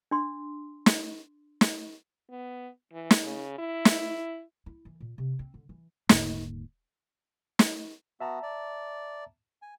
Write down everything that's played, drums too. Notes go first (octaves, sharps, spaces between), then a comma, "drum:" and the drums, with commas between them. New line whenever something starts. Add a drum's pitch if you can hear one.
D4 C6
drum: snare
drum: snare
B3
E3
drum: snare
C#3
E4
drum: snare
E4
E3
A#2
C3
C4
D3
E3
D#1 G#2 D3 A#3, drum: snare
drum: snare
B3 F#4 E5 A5 A#5
D5
G#5